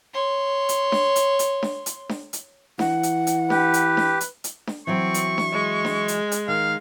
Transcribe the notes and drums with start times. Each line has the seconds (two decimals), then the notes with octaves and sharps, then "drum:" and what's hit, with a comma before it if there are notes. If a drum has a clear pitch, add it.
0.14 C#5 C6
0.69 drum: hi-hat
0.92 drum: snare D4
1.16 drum: hi-hat
1.39 drum: hi-hat
1.63 drum: snare D4
1.86 drum: hi-hat
2.09 drum: snare D4
2.33 drum: hi-hat
2.79 E3 F#5, drum: snare D4
3.03 drum: hi-hat
3.27 drum: hi-hat
3.50 G4 B4, drum: snare D4
3.74 drum: hi-hat
3.97 drum: snare D4
4.21 drum: hi-hat
4.44 drum: hi-hat
4.67 drum: snare D4
4.87 E3 F#3 C4 C#6
5.14 drum: hi-hat
5.38 drum: snare D4
5.52 G#3
5.85 drum: snare D4
6.08 drum: hi-hat
6.32 drum: hi-hat
6.48 D#3 F5